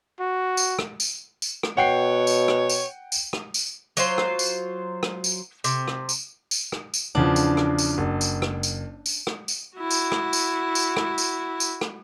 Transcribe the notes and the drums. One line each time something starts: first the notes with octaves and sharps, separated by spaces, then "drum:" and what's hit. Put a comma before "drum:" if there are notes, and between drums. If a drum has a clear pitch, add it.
F#4
drum: tambourine
drum: rim click
drum: tambourine
drum: tambourine
drum: rim click
B2 C#5 F#5 G5 C7
drum: tambourine
drum: rim click
drum: tambourine
drum: tambourine
drum: rim click
drum: tambourine
F#3 F4 C5, drum: tambourine
drum: rim click
drum: tambourine
drum: rim click
drum: tambourine
C3, drum: tambourine
drum: rim click
drum: tambourine
drum: tambourine
drum: rim click
drum: tambourine
E2 C#3 F3 D4
drum: tambourine
drum: rim click
drum: tambourine
F#1
drum: tambourine
drum: rim click
drum: tambourine
drum: tambourine
drum: rim click
drum: tambourine
E4 F#4
drum: tambourine
drum: rim click
drum: tambourine
drum: tambourine
drum: rim click
drum: tambourine
drum: tambourine
drum: rim click